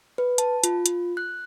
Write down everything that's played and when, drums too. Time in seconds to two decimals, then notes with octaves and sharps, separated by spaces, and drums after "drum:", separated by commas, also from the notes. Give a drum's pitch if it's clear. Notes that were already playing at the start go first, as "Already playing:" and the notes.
0.18 B4
0.38 A5, drum: hi-hat
0.64 F4, drum: hi-hat
0.86 drum: hi-hat
1.17 F#6